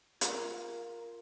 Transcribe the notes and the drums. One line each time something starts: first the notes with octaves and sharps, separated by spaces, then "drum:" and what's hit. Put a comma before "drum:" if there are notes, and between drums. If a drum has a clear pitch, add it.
F4 A#4, drum: hi-hat